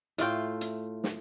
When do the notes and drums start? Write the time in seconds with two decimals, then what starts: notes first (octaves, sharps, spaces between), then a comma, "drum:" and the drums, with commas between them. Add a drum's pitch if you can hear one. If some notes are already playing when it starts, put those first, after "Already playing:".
0.18 A2 A3 F4 G5, drum: hi-hat
0.61 drum: hi-hat
1.04 drum: snare